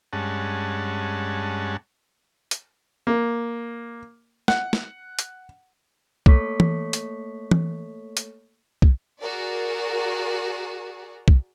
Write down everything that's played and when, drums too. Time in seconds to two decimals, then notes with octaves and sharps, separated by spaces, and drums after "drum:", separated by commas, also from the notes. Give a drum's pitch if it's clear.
0.13 G2 G#3 C#4 F#5 A5
2.51 drum: hi-hat
3.07 A#3
4.48 F#5, drum: snare
4.73 drum: snare
5.19 drum: hi-hat
6.26 A3 A#3 A4 C#5 C#6 B6, drum: kick
6.60 drum: tom E3
6.93 drum: hi-hat
7.51 drum: tom E3
8.17 drum: hi-hat
8.82 drum: kick
9.21 F#4 G#4 A#4 D5
11.28 drum: kick